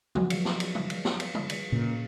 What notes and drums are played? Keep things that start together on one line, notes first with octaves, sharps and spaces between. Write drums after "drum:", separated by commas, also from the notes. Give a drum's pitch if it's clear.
F3 F#3 F#4, drum: tom
drum: cymbal
drum: snare
drum: cymbal
drum: tom
drum: cymbal
drum: snare
drum: cymbal
drum: tom
drum: cymbal
A#2 C#3